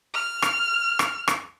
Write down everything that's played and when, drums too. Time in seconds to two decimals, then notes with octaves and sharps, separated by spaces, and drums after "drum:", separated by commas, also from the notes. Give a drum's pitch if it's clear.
0.14 F6
0.42 drum: rim click
0.99 drum: rim click
1.28 drum: rim click